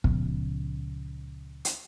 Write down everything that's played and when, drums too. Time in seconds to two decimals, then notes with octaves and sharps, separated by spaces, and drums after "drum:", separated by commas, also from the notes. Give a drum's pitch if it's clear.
0.04 C#2 A#2 F3 B3, drum: kick
1.65 drum: hi-hat